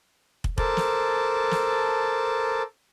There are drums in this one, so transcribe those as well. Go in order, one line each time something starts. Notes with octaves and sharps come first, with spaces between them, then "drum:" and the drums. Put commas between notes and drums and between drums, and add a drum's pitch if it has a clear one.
drum: kick
A4 A#4 C5 A5 D6, drum: kick
drum: snare
drum: snare